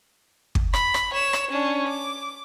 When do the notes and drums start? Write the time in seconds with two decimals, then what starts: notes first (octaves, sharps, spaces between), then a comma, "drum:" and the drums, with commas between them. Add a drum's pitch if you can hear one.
0.55 drum: kick
0.73 B5, drum: rim click
0.94 drum: rim click
1.14 C#5 E7
1.33 drum: rim click
1.51 C#4 D4
1.87 D6